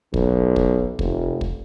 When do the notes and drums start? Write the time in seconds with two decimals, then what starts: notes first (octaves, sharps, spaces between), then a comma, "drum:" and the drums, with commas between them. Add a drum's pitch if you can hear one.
0.14 B1, drum: kick
0.56 drum: kick
0.99 F1, drum: kick
1.41 drum: kick